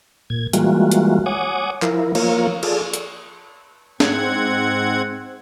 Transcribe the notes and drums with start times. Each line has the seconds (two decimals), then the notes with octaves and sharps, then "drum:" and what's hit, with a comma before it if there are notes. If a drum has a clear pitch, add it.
0.30 A#2 G#6
0.53 E3 G3 G#3 A#3 F4 F#4, drum: hi-hat
0.91 drum: hi-hat
1.26 C#5 F#5 G#5 D6 D#6
1.82 F3 E4 A#4, drum: clap
2.15 F3 A#3 F4 A#4 C#5, drum: cymbal
2.63 F4 G#4 A4 D5, drum: cymbal
2.93 drum: hi-hat
4.00 G#2 C4 F#5 G#6, drum: snare